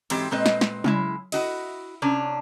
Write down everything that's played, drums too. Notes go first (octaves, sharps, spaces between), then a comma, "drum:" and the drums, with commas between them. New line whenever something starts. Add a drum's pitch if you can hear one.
G#2 E3 F#3 C4 G4, drum: cymbal
A#2 G#3 C4 B4 D#5
drum: snare
drum: snare
C#3 G#3 E4, drum: tom
E4 F#4 D#5, drum: cymbal
C3 C#4 D4